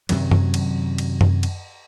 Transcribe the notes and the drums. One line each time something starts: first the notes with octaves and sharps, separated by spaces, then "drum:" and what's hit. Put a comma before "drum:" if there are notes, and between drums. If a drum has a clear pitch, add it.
F#2 C3 D#3 F#3, drum: cymbal
drum: tom F#2
drum: cymbal
drum: cymbal
drum: tom F#2
drum: cymbal